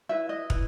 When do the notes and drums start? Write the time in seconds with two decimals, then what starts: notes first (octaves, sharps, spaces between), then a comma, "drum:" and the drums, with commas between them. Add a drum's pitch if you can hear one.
0.09 E4 B4 E5
0.29 D#5
0.50 E4 B4, drum: kick